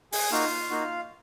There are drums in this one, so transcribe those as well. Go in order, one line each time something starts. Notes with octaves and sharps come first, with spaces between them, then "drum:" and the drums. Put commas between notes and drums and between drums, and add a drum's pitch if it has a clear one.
G#4 G#5, drum: open hi-hat
A#3 D#4 F4 F#4 F5
A#3 D#4 F#4